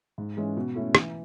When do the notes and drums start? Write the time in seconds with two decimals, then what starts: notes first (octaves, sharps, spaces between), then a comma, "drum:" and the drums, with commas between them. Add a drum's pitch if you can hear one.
0.18 G#2
0.37 E3 G#3 C#4
0.57 B2
0.75 A3 C#4 E4
0.95 E3, drum: rim click